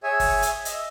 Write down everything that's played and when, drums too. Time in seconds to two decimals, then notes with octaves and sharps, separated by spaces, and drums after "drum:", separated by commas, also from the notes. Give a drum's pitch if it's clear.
0.03 G#4 C#5 E5 G#5
0.20 drum: kick, open hi-hat
0.42 drum: hi-hat
0.65 D#5 E5, drum: hi-hat